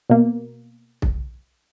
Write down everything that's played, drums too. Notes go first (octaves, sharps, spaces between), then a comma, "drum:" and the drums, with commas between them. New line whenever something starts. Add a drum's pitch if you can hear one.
B2 A#3
drum: kick